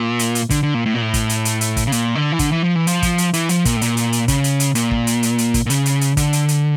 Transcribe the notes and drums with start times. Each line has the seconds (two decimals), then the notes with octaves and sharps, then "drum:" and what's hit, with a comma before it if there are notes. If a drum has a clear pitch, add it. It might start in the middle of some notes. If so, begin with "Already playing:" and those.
Already playing: A#2
0.19 drum: hi-hat
0.35 drum: hi-hat
0.50 D3, drum: kick, hi-hat
0.63 D3
0.74 A#2
0.86 A2
0.94 A#2
1.02 A2
1.14 drum: kick, hi-hat
1.29 drum: hi-hat
1.45 drum: hi-hat
1.61 drum: hi-hat
1.77 drum: kick, hi-hat
1.87 C#3
1.92 A#2, drum: hi-hat
2.15 D3
2.32 E3
2.39 D3, drum: kick, hi-hat
2.52 E3
2.63 F3
2.75 E3
2.87 F3, drum: hi-hat
3.02 drum: kick, hi-hat
3.18 drum: hi-hat
3.33 E3, drum: hi-hat
3.49 F3, drum: hi-hat
3.65 A#2, drum: kick, hi-hat
3.76 A2
3.82 A#2, drum: hi-hat
3.97 drum: hi-hat
4.13 drum: hi-hat
4.28 C#3, drum: kick, hi-hat
4.44 drum: hi-hat
4.60 drum: hi-hat
4.75 A#2, drum: hi-hat
4.91 drum: kick
5.07 drum: hi-hat
5.23 drum: hi-hat
5.38 drum: hi-hat
5.54 drum: kick, hi-hat
5.66 A#2
5.70 C#3, drum: hi-hat
5.86 drum: hi-hat
6.01 drum: hi-hat
6.17 D3, drum: kick, hi-hat
6.33 drum: hi-hat
6.48 drum: hi-hat